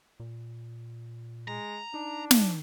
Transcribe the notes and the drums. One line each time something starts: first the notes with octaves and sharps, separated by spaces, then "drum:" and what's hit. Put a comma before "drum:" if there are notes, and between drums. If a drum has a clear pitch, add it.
A#2
G#3 A#5
D4 D#4
drum: snare